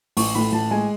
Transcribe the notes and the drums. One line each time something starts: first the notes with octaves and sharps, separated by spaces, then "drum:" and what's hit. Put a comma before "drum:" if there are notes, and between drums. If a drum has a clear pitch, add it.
A1 C#6, drum: open hi-hat
A2 B5
A1 A5
G#3 G#5